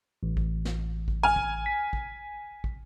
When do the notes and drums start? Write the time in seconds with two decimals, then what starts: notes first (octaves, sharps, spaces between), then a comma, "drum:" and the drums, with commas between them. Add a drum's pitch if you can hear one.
0.23 A1
0.37 drum: kick
0.65 drum: snare
1.08 drum: kick
1.23 G#5 F6
1.36 drum: kick
1.66 B6
1.93 drum: kick
2.64 drum: kick